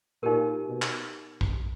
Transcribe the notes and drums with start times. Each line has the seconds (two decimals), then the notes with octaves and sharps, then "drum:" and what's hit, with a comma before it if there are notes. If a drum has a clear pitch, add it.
0.23 A#2 D#4 G4 A#4
0.67 B2
0.82 drum: clap
1.41 drum: kick A#1